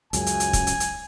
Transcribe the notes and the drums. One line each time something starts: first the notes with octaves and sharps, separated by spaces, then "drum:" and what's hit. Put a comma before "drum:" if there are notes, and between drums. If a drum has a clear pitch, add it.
C#2 F#2 C#3 G#5, drum: hi-hat
drum: hi-hat
drum: hi-hat
drum: kick, hi-hat
drum: hi-hat
drum: hi-hat